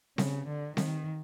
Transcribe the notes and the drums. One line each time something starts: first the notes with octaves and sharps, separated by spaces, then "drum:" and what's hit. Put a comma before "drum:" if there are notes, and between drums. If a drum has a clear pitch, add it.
C#3, drum: snare C4
D3
D#3, drum: snare C4